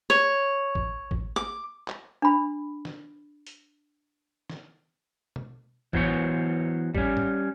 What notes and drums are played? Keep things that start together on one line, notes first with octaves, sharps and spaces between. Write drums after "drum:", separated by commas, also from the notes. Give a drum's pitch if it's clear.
C#5
drum: kick
drum: kick
D6
drum: clap
D4 B5
drum: snare
drum: hi-hat
drum: snare
drum: tom
E3 F#3 B3 C5 C#5, drum: kick
G3 C#4, drum: kick
drum: tom